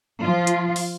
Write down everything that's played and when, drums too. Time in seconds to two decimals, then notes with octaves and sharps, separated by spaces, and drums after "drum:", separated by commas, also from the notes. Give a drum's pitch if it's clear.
0.22 F3 F4
0.47 drum: hi-hat
0.76 drum: open hi-hat